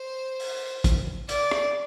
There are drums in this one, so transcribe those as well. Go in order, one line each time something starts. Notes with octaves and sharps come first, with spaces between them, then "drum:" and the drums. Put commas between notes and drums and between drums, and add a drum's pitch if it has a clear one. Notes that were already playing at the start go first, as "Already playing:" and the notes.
Already playing: C5
drum: open hi-hat
drum: kick, hi-hat
D5, drum: hi-hat
drum: rim click